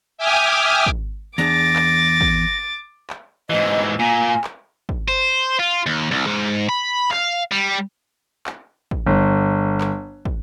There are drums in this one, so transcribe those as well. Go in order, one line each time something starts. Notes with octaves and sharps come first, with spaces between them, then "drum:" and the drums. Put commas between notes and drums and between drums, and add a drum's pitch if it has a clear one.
E5 G5 G#5 D6 D#6 F6
drum: kick
E2 D4 G#4 D6 A6 A#6
drum: clap
drum: kick
drum: clap
G#2 E3 D#5
A#2 G#5
drum: clap
drum: kick
C5
F4
D#2
C2
G#2
B5
F5, drum: clap
G3
drum: clap
drum: kick
G1
drum: clap
drum: kick